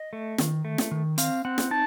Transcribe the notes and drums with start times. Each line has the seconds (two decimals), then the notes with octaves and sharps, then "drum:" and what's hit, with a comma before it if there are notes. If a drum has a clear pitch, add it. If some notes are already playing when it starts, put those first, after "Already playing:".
Already playing: D#5
0.13 A3
0.38 D#3, drum: snare
0.65 A3
0.78 drum: snare
0.91 D#3
1.18 C4 F5, drum: hi-hat
1.45 C4 F#5
1.58 drum: snare
1.71 D#4 A5